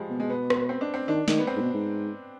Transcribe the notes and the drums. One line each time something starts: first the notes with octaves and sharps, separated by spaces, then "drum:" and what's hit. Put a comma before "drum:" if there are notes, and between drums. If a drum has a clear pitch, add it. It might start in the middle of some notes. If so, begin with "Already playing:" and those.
Already playing: F3 G3 G#3
B2
G#3
B3
drum: rim click
C4
D4
C4
D#3 D4
D#3, drum: snare
B3
C4
G#2
B2
G#2